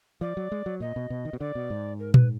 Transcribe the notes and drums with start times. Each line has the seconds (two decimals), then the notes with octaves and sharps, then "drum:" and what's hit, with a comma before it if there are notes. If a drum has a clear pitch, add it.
0.21 F3 D5
0.37 F#3
0.52 G#3
0.66 F#3
0.80 A#2 D#5
0.96 B2
1.10 B2
1.25 D#3
1.33 B2
1.40 D3 D5
1.55 B2
1.70 G#2
1.99 A#4
2.14 B4, drum: tom A#2